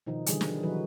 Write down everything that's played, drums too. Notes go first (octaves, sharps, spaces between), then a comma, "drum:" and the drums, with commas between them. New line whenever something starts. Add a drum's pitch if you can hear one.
B2 D#3 F3 D#4
D3 E3 G3 G#4, drum: hi-hat
drum: snare
D#3 E3 F#3 D#4 F#4 B4